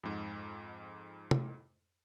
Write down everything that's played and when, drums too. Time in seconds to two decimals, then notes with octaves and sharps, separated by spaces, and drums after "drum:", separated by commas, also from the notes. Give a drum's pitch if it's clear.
0.03 F2 G#2
1.31 drum: tom